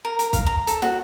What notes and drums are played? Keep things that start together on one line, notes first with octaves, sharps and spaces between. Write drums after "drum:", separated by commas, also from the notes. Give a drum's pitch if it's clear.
A#4
A#4, drum: hi-hat
F5, drum: kick, hi-hat
A#5
A4, drum: hi-hat
F#4, drum: snare